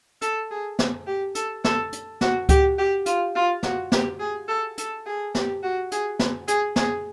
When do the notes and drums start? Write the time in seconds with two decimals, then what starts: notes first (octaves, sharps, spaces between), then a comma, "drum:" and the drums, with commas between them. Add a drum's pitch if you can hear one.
0.22 A4, drum: hi-hat
0.51 G#4
0.79 drum: snare
1.07 G4
1.35 A4, drum: hi-hat
1.64 A4, drum: snare
1.93 drum: hi-hat
2.21 F#4, drum: snare
2.49 G4, drum: kick C#2, hi-hat
2.78 G4
3.06 F4, drum: hi-hat
3.35 F4
3.63 F#4, drum: snare
3.92 G4, drum: snare
4.20 G#4
4.48 A4
4.78 A4, drum: hi-hat
5.06 G#4
5.35 G4, drum: snare
5.63 F#4
5.92 G#4, drum: hi-hat
6.19 drum: snare
6.48 G#4, drum: hi-hat
6.76 G#4, drum: snare